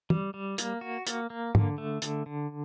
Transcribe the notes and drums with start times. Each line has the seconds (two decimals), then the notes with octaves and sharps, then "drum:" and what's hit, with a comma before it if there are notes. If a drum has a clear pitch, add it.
0.10 G3, drum: tom
0.34 G3
0.58 A#3, drum: hi-hat
0.81 F#4
1.07 A#3, drum: hi-hat
1.30 A#3
1.55 D3, drum: tom
1.78 A3
2.02 D3, drum: hi-hat
2.26 D3